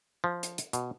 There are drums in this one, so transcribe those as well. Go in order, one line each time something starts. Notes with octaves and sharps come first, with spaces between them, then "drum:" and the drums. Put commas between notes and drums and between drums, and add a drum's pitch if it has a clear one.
F3
drum: hi-hat
drum: hi-hat
B2, drum: hi-hat